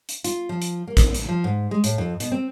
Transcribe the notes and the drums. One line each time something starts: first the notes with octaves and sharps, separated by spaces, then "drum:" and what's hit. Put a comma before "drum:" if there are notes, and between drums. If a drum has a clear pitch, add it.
drum: hi-hat
F4, drum: hi-hat
F3
drum: hi-hat
A#3
drum: kick, hi-hat
drum: hi-hat
F3
G#2
G#3
A2, drum: hi-hat
F2
B2, drum: hi-hat
C4